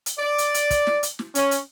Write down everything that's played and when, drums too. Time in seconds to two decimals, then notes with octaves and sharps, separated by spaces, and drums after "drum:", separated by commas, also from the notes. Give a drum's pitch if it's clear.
0.06 drum: hi-hat
0.19 D5
0.38 drum: hi-hat
0.54 drum: hi-hat
0.71 drum: kick, hi-hat
0.87 drum: snare
1.03 drum: hi-hat
1.19 drum: snare
1.35 C#4, drum: hi-hat
1.51 drum: hi-hat